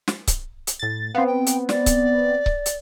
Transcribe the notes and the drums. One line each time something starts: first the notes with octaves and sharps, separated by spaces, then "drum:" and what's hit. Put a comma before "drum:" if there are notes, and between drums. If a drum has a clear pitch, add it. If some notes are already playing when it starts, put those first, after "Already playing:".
drum: snare
drum: kick C#1, hi-hat
drum: hi-hat
A2 A6
B3 C4 F5
G5
drum: hi-hat
D5, drum: snare
drum: kick C#1, hi-hat
drum: kick C#1
drum: hi-hat